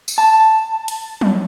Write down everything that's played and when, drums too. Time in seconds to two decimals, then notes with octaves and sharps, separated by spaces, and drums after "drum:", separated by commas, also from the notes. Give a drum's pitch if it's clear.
0.08 drum: tambourine
0.18 A5
0.88 drum: hi-hat
1.21 drum: tom